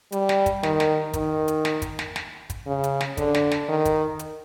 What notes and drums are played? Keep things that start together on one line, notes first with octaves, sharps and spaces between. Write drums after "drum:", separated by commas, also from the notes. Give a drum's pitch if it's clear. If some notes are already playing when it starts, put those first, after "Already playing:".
G3, drum: hi-hat
drum: snare
drum: kick, hi-hat
D#3, drum: snare
drum: snare
D#3, drum: kick, hi-hat
drum: hi-hat
drum: snare
drum: kick, hi-hat
drum: snare
drum: snare
drum: kick, hi-hat
C#3
drum: hi-hat
drum: snare
D3, drum: kick, hi-hat
drum: snare
drum: snare
D#3
drum: kick, hi-hat
drum: hi-hat